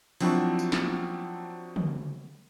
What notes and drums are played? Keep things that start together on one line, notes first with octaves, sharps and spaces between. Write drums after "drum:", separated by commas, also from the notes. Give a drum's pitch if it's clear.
F3 F#3 C4 D4 E4 F#4, drum: open hi-hat
drum: tambourine
drum: snare
drum: tom